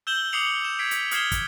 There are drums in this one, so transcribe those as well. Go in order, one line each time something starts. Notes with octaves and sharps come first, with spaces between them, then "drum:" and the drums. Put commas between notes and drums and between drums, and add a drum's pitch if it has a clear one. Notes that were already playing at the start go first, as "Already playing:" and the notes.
E6 G6 E7 F#7 G7
D6 D#6 C7 C#7 F7 F#7
E7
G#6 B6 C7 D7
drum: hi-hat
D#6 F6 G#6 C7 E7 G7, drum: hi-hat
drum: kick, hi-hat